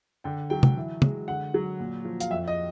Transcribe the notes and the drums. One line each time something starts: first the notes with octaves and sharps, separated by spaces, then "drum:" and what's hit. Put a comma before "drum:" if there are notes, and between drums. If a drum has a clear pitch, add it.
D3 G5
F#3 G5
drum: tom
E3
G#3, drum: tom
D3 F#5
F#3
A#2
F3
F5, drum: hi-hat
F2 E5
D#5